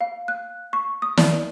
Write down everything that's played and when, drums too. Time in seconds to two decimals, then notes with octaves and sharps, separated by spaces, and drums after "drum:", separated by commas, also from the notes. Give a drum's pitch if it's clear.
0.01 F5
0.28 F#6
0.73 C#6
1.02 D#6
1.17 D5, drum: snare